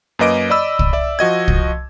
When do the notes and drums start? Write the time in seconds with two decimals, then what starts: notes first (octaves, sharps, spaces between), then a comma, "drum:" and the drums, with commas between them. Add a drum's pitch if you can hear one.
0.19 F#2 A#3 B4 D#5 D6 D7
0.50 D5 D#5 B5 E6
0.79 drum: kick
0.93 D5 E5
1.19 F3 F#4 D#5 G#6
1.48 drum: kick